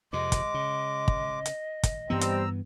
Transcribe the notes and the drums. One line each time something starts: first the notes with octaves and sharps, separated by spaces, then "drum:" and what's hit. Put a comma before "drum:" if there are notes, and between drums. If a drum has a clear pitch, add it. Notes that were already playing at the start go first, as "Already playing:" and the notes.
F2 C3 G#3 D#5 D6
drum: kick, hi-hat
C#3
drum: kick
drum: hi-hat
drum: kick, hi-hat
G2 E3 G3 B3 C4 A#5 E6
drum: hi-hat